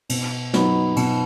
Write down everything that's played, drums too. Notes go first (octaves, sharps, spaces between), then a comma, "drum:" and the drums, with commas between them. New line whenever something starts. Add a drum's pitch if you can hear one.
B2, drum: cymbal
F#3 B3 D#4 F#4, drum: snare
B2, drum: cymbal